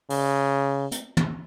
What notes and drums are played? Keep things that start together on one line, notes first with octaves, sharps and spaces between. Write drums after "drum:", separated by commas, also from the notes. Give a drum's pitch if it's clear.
C#3, drum: open hi-hat
drum: hi-hat
drum: tom